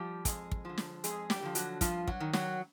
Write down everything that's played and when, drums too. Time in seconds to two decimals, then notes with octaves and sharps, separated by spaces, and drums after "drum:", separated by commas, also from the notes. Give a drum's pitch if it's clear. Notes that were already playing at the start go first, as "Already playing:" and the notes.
Already playing: F3 G3 G4
0.25 F2 G#3 G#4, drum: kick, hi-hat
0.51 drum: kick
0.65 D3 F3
0.78 drum: snare
1.04 F2 G#3 G#4, drum: hi-hat
1.30 G3 G4, drum: snare
1.42 D3 F3
1.55 F#3 F#4, drum: hi-hat
1.81 G2 F3 F4, drum: kick, hi-hat
2.07 F#3 F#4, drum: kick
2.20 D#3
2.33 F#3 F#4, drum: snare